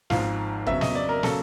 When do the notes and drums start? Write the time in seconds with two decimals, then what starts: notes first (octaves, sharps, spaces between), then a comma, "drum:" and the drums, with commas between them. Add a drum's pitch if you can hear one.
0.10 G#1 G#2 F3 G#3 F5, drum: snare
0.67 F2 C#3 F#3 B3 E5, drum: kick
0.81 D#5, drum: snare
0.95 D5
1.09 A#4
1.23 C#3 F#3 A#3 A4, drum: snare